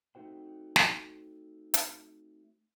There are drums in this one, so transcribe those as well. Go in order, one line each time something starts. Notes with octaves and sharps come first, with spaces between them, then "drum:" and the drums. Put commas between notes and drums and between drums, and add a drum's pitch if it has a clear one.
A3 C4 D#4 F#4 C5 G5
drum: snare
drum: hi-hat